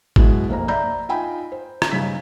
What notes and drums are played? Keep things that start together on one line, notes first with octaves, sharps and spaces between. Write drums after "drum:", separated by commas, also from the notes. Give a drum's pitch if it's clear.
B2 F#3 G#3 E4, drum: kick G#1
F1 A#3 C4 A#5
D5 E5 A#5 B5 G6
D#4 F4 G5 G#5 B5
C5
drum: rim click
G2 C#3 D#4 B6